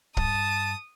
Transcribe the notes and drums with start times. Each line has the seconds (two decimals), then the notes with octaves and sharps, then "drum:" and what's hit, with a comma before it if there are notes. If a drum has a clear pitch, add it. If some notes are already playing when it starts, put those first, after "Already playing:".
0.17 G2 A5 D#6, drum: kick